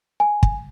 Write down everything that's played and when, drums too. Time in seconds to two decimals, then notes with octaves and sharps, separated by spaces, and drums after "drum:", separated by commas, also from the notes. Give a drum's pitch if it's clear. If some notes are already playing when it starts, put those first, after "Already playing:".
0.20 G#5
0.43 drum: kick